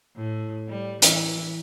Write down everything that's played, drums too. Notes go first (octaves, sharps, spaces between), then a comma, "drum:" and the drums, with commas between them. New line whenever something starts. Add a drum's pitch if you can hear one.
A2
G3
E3, drum: hi-hat